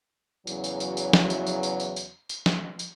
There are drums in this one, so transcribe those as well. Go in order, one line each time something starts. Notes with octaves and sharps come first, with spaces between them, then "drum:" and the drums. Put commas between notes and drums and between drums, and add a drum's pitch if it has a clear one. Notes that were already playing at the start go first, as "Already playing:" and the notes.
E2 C#3 E3 F#3, drum: tambourine
drum: tambourine
drum: tambourine
drum: tambourine
drum: snare
drum: tambourine
drum: tambourine
drum: tambourine
drum: tambourine
drum: tambourine
drum: tambourine
drum: snare
drum: tambourine